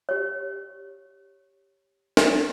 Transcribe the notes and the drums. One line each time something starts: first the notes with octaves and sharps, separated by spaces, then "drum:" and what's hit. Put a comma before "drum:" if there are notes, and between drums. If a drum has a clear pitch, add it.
G4 C#5
drum: snare